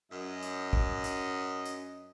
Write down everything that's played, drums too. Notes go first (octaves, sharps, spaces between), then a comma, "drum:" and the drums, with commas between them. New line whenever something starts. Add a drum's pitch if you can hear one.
F#2 D#5
drum: hi-hat
drum: kick
drum: hi-hat
drum: hi-hat